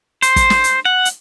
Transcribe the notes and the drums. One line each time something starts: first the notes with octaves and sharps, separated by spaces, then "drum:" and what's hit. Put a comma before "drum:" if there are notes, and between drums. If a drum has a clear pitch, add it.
C5, drum: hi-hat
drum: kick, hi-hat
drum: snare
drum: hi-hat
F#5
drum: hi-hat